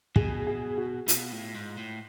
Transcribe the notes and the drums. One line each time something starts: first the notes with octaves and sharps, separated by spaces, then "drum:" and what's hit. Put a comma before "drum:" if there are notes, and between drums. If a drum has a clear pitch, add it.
B2 G#4, drum: kick
G#4
F#4
B2 F4, drum: hi-hat
A2
G#2
A2